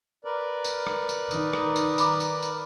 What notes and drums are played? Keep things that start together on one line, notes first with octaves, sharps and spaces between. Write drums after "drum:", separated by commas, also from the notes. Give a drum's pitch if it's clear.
A#4 B4 D5
drum: tambourine
drum: rim click
drum: tambourine
D#3 D#4, drum: tambourine
drum: rim click
drum: tambourine
A#5 B5 D6, drum: tambourine
drum: tambourine
drum: tambourine